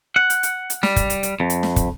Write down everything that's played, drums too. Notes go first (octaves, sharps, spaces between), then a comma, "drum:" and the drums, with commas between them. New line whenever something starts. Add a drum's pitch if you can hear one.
F#5
drum: hi-hat
drum: hi-hat
drum: hi-hat
G3, drum: snare
drum: kick, hi-hat
drum: hi-hat
drum: hi-hat
F2
drum: hi-hat
drum: snare
drum: kick, hi-hat